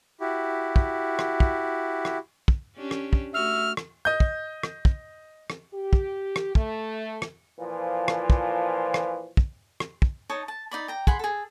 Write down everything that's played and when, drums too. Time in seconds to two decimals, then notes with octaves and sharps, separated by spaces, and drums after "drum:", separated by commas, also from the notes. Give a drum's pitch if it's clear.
0.20 E4 F#4 G4
0.76 drum: kick
1.19 drum: rim click
1.40 drum: kick
2.05 drum: rim click
2.48 drum: kick
2.77 C#4 D4 G4
2.91 drum: rim click
3.13 drum: kick
3.34 A3 F#4 E5 F6
3.77 drum: rim click
4.05 D#5 G6
4.20 drum: kick
4.63 drum: rim click
4.85 drum: kick
5.50 drum: rim click
5.73 G4
5.93 drum: kick
6.36 drum: rim click
6.55 A3, drum: kick
7.22 drum: rim click
7.59 A#2 E3 F3
8.08 drum: rim click
8.30 drum: kick
8.94 drum: rim click
9.37 drum: kick
9.80 drum: rim click
10.02 drum: kick
10.29 D#4 C#5 D#5 A5
10.48 A5
10.71 D#4 D5 B5
10.88 G5 A#5
11.07 G#4 F#5 B5 C6, drum: kick
11.19 G#4 A4